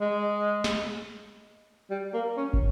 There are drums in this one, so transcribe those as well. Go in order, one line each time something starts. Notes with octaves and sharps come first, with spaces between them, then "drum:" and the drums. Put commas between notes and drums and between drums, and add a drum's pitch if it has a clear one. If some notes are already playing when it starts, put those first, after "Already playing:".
G#3
drum: snare
G3
A#3
C#4
drum: kick